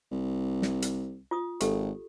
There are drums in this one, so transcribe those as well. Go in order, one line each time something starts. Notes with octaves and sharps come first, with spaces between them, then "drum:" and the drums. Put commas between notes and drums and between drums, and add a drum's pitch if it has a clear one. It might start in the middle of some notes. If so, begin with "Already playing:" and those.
C2
drum: snare
drum: hi-hat
F4 D#6
G#1 G4 A4, drum: hi-hat